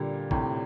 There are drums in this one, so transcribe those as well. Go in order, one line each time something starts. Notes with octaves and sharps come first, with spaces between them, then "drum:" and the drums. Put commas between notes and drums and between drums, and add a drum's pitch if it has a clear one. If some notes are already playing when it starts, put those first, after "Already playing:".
Already playing: A#2 D3 G3 A#3
A2 C3, drum: kick